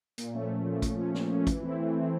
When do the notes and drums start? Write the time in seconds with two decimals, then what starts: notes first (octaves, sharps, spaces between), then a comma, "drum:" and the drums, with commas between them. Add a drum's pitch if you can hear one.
0.18 A#2, drum: hi-hat
0.34 F3 A3 C#4
0.50 A#2
0.66 F3 A3 C#4
0.82 A#2, drum: kick, hi-hat
0.98 F3 A3 C#4
1.15 A#2, drum: snare
1.30 F3 A3 C#4
1.47 E3, drum: kick, hi-hat
1.63 A3 C4 E4
1.79 E3
1.95 A3 C4 E4